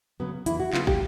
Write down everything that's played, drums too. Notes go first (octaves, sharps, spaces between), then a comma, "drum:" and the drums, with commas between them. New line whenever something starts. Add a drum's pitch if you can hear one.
C#3 F#3 B3
E2 E4, drum: hi-hat
F#4
C#3 F#3 B3 F4, drum: clap
G4, drum: kick